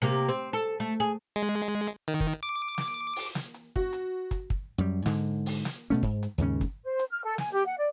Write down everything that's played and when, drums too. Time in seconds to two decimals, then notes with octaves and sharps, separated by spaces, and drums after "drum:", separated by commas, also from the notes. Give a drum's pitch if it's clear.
0.02 C3 A#3 G4
0.29 C4
0.53 A4
0.80 A3
1.00 G#4
1.36 G#3
1.63 drum: hi-hat
2.08 D#3
2.20 drum: kick
2.43 D6
2.78 drum: snare
3.16 drum: open hi-hat
3.35 drum: snare
3.54 drum: hi-hat
3.76 F#4, drum: kick
3.93 drum: hi-hat
4.31 drum: kick, hi-hat
4.50 drum: kick
4.78 F#2 G3
5.06 G#2 D3, drum: snare
5.46 drum: open hi-hat
5.65 drum: snare
5.90 B2 A3 C#4
6.03 G#2, drum: kick
6.23 drum: hi-hat
6.38 D#2 G#2 C#3 C#4
6.61 drum: kick, hi-hat
6.84 C5
6.99 drum: hi-hat
7.10 F6
7.24 A4
7.38 G#5, drum: snare
7.52 G4
7.66 F#5
7.78 D5